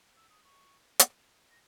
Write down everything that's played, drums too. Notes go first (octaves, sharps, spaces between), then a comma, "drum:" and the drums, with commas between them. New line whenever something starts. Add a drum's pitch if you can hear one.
E6
D#6
C#6
drum: hi-hat
A#6